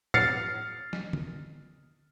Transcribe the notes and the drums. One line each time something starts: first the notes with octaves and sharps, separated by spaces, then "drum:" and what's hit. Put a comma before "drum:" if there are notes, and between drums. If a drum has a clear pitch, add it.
F6 A6 C7 C#7, drum: tom
drum: snare
drum: tom D3